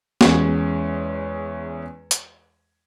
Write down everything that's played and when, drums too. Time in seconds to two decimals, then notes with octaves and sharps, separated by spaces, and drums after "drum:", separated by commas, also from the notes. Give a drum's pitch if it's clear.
0.21 E2 G#3 C#4, drum: snare
2.11 drum: hi-hat